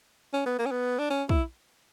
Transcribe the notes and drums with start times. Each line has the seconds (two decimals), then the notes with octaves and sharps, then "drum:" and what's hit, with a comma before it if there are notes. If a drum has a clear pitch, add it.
0.33 C#4
0.46 B3
0.59 A#3
0.66 C#4
0.71 B3
0.99 D4
1.10 C#4
1.29 E4, drum: kick